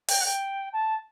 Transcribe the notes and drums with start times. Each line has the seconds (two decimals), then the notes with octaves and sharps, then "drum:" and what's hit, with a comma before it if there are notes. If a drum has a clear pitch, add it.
0.08 G5, drum: open hi-hat
0.21 F#5
0.25 G5
0.73 A5